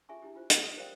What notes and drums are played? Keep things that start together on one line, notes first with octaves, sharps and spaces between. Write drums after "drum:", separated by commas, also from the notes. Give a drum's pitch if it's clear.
F4 G#4 E5 G#5 C#6
D4 E4 G4
F4 C5
G4, drum: hi-hat
D#5 D#6 E6
A#4 C5 D5 F5 G5